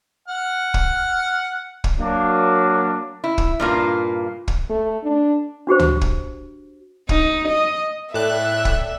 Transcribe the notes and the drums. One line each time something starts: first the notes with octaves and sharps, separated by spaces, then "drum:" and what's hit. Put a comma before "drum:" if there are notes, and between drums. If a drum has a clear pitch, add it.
F#5 F6
drum: kick
drum: kick
F#3 A#3 D4
E4
drum: kick
G2 A#2 A#3 F4
drum: kick
A3
D4
D4 F#4 G4 C5
drum: tom C#2
drum: kick
D#4, drum: kick
D#5
A2 A4 D5 E5 G5 F#6
drum: kick